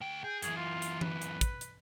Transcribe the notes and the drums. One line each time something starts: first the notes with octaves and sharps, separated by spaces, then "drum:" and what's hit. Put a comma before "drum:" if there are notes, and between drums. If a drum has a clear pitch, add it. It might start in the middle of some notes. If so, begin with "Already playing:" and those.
D2 G5
G#4 G5
F#2 E3 G#4, drum: hi-hat
F4
drum: hi-hat
B4, drum: tom E3
drum: hi-hat
drum: kick, hi-hat
drum: hi-hat